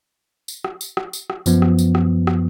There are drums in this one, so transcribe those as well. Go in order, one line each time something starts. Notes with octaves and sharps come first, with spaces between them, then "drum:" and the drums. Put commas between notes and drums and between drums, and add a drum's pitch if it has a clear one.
drum: tambourine
drum: rim click
drum: tambourine
drum: rim click
drum: tambourine
drum: rim click
F#2 F3 B3, drum: tambourine
drum: rim click
drum: tambourine
drum: rim click
drum: rim click